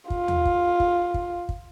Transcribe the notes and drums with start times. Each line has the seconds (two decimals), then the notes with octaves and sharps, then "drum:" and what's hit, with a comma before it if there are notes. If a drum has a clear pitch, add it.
0.10 F4, drum: kick
0.28 drum: tom D#2
0.45 drum: kick
0.80 drum: kick
1.14 drum: kick
1.49 drum: kick